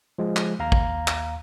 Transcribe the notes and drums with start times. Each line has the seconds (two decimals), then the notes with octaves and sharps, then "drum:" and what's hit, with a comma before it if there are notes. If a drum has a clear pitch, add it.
0.18 F3 G#3
0.36 drum: clap
0.59 D#2 F5 A#5
0.72 drum: kick
1.08 drum: clap